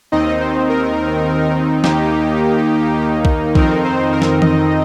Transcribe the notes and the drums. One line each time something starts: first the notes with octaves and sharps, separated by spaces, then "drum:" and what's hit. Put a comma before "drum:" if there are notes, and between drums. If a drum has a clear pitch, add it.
D#2 D#3 C4 D#4 D#5
C5
A#4
D#2 D#3 A#3 D#4 G4, drum: snare
drum: kick B1
F2 D#3 C4 D#4 A#4, drum: kick B1
C5
A#4
drum: snare
D#5, drum: tom E3